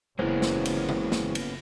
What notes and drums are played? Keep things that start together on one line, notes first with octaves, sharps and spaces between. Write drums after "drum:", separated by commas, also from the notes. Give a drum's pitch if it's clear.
F#1 E3 G#3 A#3 B3 C#4 E4 C5
drum: snare
drum: cymbal
drum: tom C#3
drum: snare
drum: cymbal